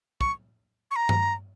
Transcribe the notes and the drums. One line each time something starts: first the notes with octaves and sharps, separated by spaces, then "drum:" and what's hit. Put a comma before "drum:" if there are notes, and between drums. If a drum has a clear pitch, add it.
C#6, drum: kick
C#6
A#5
drum: tom G2